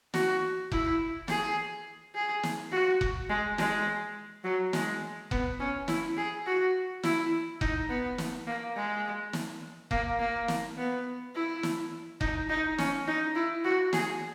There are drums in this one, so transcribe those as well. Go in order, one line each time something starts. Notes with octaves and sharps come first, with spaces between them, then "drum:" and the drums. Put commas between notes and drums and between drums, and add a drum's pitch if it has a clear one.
F#4, drum: snare
E4, drum: kick F1
G#4, drum: snare
G#4
drum: snare
F#4
drum: kick F1
G#3
G#3, drum: snare
F#3
G#3, drum: snare
B3, drum: kick F1
C#4
E4, drum: snare
G#4
F#4
E4, drum: snare
D#4, drum: kick F1
B3
drum: snare
A#3
G#3
drum: snare
A#3, drum: kick F1
A#3
drum: snare
B3
E4
drum: snare
D#4, drum: kick F1
D#4
C#4, drum: snare
D#4
E4
F#4
G#4, drum: snare